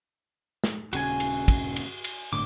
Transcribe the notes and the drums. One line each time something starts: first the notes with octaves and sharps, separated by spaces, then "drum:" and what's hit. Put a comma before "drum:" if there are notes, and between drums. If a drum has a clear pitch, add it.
drum: snare
D#1 C#3 F#4 G#5, drum: cymbal
drum: cymbal
drum: kick, cymbal
drum: cymbal
drum: cymbal
G1 A2 D3 D6